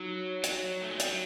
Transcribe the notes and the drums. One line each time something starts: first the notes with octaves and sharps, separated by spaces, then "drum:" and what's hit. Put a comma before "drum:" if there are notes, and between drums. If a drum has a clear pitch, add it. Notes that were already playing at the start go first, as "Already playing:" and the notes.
Already playing: F#3 D#4 F#4
F#3, drum: hi-hat
A3
G#3
G3, drum: hi-hat
F#3